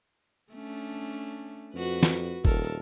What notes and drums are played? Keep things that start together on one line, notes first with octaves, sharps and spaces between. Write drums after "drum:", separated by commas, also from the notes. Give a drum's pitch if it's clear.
A3 C#4 D4
F2 F#4 B4
drum: snare
D#1 A4 A#4, drum: kick